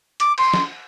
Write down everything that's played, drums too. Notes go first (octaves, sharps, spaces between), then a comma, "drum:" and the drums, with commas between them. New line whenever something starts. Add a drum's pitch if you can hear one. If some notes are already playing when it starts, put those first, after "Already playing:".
D6, drum: hi-hat
C6, drum: cymbal
drum: snare